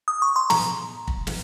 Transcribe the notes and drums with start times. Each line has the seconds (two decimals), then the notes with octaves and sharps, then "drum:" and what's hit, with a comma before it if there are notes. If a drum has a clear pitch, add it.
0.08 D#6
0.22 C#6
0.36 C6
0.50 A#5, drum: snare
1.08 drum: kick
1.27 drum: snare